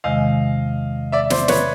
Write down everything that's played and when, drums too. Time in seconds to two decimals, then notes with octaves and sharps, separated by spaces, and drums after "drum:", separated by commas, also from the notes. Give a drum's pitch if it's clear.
0.04 E2 C3 D#3 G#3 D#5 F5
1.12 D5 E5
1.30 C5 D5, drum: snare
1.48 B4 C#5, drum: snare